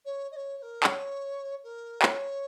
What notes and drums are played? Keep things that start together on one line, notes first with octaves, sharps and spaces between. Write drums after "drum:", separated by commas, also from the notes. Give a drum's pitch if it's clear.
C#5
D#5
C#5
C#5
A#4
C#5, drum: clap
A#4
C#5, drum: clap